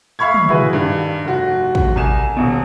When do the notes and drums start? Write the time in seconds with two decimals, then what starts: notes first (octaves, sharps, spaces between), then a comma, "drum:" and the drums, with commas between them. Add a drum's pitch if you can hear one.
0.19 E5 F5 B5 C#6 G#6
0.34 drum: tom
0.49 E4 F#4 G#4 B4, drum: tom
0.73 G2 D#3
1.25 F1 F#4
1.75 drum: kick
1.96 C2 G#5 E7
2.37 D#1 B2